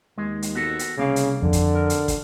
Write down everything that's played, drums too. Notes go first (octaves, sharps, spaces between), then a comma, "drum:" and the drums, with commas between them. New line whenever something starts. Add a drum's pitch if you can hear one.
D#2 G#3
drum: hi-hat
B3 F#4 A4
drum: hi-hat
C2 C#3 A#3 F5
drum: hi-hat
F2 D3
drum: kick, hi-hat
A#4
drum: hi-hat
drum: kick, hi-hat